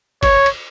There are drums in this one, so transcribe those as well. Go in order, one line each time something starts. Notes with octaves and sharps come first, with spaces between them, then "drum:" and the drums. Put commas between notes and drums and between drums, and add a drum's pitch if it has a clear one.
C#5, drum: kick, cymbal
drum: cymbal